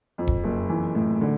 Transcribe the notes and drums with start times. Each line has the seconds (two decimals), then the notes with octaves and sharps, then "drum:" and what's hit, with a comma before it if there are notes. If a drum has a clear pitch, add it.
0.18 F2
0.27 drum: kick
0.44 F#1
0.69 E3
0.95 A2
1.21 D3